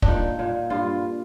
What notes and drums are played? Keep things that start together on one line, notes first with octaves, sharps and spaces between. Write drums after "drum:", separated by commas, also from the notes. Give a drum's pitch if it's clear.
D4, drum: kick
A#2 D#4
A#2
G2 F4